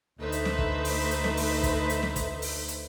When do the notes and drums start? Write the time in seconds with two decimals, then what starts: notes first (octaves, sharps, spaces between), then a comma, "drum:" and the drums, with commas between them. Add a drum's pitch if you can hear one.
0.19 D2 A3 D#4 B4 C5 E5
0.32 drum: hi-hat
0.45 drum: snare
0.58 drum: kick
0.85 drum: open hi-hat
1.11 drum: hi-hat
1.24 drum: snare
1.37 drum: open hi-hat
1.63 drum: kick, hi-hat
1.89 drum: hi-hat
2.03 drum: snare
2.16 drum: kick, hi-hat
2.42 drum: open hi-hat
2.68 drum: hi-hat